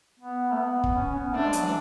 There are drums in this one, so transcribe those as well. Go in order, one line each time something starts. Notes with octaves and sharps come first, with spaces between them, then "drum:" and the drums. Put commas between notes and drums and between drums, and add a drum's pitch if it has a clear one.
B3
A3
B3
drum: kick
C#4
B3
A3 D4
G#3
F#3, drum: hi-hat
E3